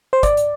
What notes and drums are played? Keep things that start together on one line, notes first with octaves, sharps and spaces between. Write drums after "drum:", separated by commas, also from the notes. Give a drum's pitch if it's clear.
C5
D5, drum: kick, hi-hat
drum: hi-hat